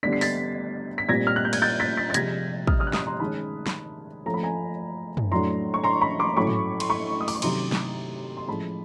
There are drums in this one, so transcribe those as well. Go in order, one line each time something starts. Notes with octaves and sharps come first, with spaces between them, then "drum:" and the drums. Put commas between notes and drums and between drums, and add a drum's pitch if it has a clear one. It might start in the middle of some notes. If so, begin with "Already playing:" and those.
D3 G3 B3 D4 B6
C7
A6 B6, drum: open hi-hat
B6
A#2 G3 C4 G#6 A#6
F6
F#6
G6
G#6, drum: cymbal
G6 A6
A6 B6
A6 B6
A6
C3 F3 G#3 G#6 A#6, drum: hi-hat
D#6 F6, drum: kick
D#6 F6
F#6
D#6 F6, drum: snare
A#5 C6
D#3 G#3 C#4 A5 B5
drum: snare
F3 A3 C#4 A#5
B5
G#5 A#5
drum: tom
A2 F#3 A3 D4 A#5 C6
C#6
A#5 C6
B5 C#6
C6 D6
A2 F#3 A3 C#4 B5 C#6
drum: tom
C6, drum: cymbal
B5 C#6
D#6
D6, drum: open hi-hat
C#6
C3 D#3 F#3 A3 C#4 A#5 C6, drum: cymbal
drum: snare
C6
A2 F3 G#3 C#4 A5 B5